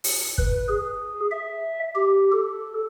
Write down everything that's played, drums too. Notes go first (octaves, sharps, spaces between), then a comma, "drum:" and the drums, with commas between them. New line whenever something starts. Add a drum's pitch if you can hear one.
drum: open hi-hat
B4, drum: kick
G#4
E5
G4
A4